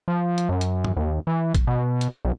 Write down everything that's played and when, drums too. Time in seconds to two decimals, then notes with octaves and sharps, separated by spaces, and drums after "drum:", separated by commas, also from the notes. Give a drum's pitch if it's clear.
0.08 F3
0.38 drum: hi-hat
0.49 F#2
0.61 drum: hi-hat
0.85 drum: tom
0.97 D#2
1.27 E3
1.55 drum: kick, hi-hat
1.67 B2
2.01 drum: hi-hat
2.25 B1